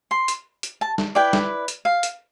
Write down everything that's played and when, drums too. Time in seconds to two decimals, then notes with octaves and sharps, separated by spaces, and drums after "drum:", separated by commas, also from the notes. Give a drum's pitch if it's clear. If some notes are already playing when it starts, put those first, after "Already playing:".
0.11 C6
0.28 drum: hi-hat
0.63 drum: hi-hat
0.81 A5
0.98 drum: snare
1.15 E4 B4 D5 G5
1.33 drum: snare
1.68 drum: hi-hat
1.85 F5
2.03 drum: hi-hat